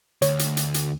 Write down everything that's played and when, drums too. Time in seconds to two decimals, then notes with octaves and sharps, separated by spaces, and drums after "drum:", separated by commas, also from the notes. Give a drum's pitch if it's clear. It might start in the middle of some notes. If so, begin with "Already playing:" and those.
0.22 D2 C#5, drum: hi-hat
0.39 drum: hi-hat
0.57 drum: hi-hat
0.74 drum: hi-hat